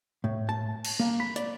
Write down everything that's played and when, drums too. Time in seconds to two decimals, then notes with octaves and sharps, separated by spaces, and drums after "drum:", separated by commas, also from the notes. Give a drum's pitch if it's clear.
0.24 A2
0.49 A5
0.85 drum: cymbal
1.00 A#3
1.20 B5
1.36 D5, drum: hi-hat